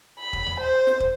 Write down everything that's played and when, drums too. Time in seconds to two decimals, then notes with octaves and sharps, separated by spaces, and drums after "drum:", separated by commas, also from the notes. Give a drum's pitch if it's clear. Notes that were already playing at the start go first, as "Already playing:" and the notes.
0.20 B5
0.33 drum: kick
0.46 drum: tom D#2
0.60 C5
0.87 drum: snare
1.00 drum: kick